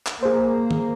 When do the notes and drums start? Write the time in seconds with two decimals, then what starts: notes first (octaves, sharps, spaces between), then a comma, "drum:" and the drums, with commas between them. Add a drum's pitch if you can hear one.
0.07 drum: clap
0.23 A#3 G#4 C5
0.71 drum: tom D#3